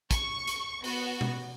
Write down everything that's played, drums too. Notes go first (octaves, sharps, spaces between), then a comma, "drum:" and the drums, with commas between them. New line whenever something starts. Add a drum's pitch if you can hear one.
C#6, drum: kick, hi-hat
drum: hi-hat
B3 F#4, drum: open hi-hat
drum: tom B2